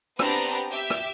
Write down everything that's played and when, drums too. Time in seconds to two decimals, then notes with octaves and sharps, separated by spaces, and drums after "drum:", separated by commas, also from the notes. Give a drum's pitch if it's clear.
0.19 B3 C4 D4 G4 B4 A#5, drum: rim click
0.70 G4 E5
0.90 drum: rim click